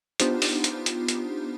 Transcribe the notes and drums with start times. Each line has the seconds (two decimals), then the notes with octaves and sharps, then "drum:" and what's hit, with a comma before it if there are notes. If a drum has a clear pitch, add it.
0.20 B3 D4 D#4 F4 G4 C5, drum: hi-hat
0.42 drum: open hi-hat
0.64 drum: hi-hat
0.86 drum: hi-hat
1.08 drum: hi-hat